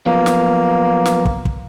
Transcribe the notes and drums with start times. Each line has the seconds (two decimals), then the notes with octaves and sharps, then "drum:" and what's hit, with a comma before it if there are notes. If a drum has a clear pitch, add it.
0.06 F3 F#3 A#3 B3
0.26 drum: snare
1.06 drum: snare
1.25 drum: kick
1.45 drum: kick